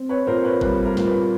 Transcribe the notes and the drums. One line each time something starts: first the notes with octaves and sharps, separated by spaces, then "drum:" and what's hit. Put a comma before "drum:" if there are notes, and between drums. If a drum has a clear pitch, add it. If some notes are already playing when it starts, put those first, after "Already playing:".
Already playing: C4
B4 C#5
A#2 A#4 C5
B4 C#5
G3 B4, drum: kick G1
A#4
A#2, drum: snare
B4